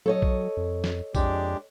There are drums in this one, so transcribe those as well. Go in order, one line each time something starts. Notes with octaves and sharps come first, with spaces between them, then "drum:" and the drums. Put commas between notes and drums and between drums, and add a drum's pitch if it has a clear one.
F#3 A4 C#5 D#5
drum: kick A#1
F2
drum: snare
F2 G#3 D4 G4, drum: kick A#1, tambourine